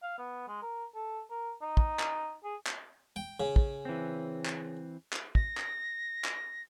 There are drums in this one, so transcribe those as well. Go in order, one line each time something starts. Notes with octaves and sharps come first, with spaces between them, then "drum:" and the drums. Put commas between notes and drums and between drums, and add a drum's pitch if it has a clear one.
F5
B3
G#3
A#4
A4
A#4
D#4
drum: kick
drum: clap
G#4
drum: clap
G5
C#3
drum: kick
E3 C4
drum: clap
drum: clap
A#6, drum: kick
drum: clap
drum: clap